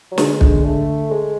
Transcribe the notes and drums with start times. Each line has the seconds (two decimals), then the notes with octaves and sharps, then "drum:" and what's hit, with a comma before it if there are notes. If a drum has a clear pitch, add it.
0.11 F#3
0.18 D3 G#3, drum: snare
0.41 drum: kick
0.64 A3
1.11 G#3